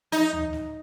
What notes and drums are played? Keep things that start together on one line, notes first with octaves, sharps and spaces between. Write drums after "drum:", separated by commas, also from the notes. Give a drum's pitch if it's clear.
D#4, drum: hi-hat
drum: tom D2
drum: snare